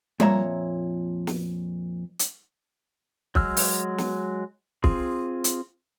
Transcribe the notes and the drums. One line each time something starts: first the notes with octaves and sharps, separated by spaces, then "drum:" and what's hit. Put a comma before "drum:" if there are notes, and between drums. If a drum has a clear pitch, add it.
F2 A#2 C#5 E5 A#5, drum: tom G3
drum: snare
drum: hi-hat
F#3 G#3 E6 F6, drum: kick
drum: open hi-hat
drum: snare
C4 F4 G#4, drum: kick
drum: hi-hat